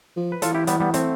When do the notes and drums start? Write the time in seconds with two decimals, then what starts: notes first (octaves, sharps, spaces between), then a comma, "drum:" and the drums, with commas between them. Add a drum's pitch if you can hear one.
0.16 F3
0.32 B4
0.42 E3 F4 A4, drum: hi-hat
0.54 E4 G4
0.67 G3 B3, drum: hi-hat
0.80 G3 B3
0.94 A3 C4, drum: hi-hat